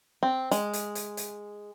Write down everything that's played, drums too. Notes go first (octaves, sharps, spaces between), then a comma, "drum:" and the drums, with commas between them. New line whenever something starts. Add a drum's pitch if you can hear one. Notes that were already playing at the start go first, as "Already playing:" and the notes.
C4
G#3, drum: hi-hat
drum: hi-hat
drum: hi-hat
drum: hi-hat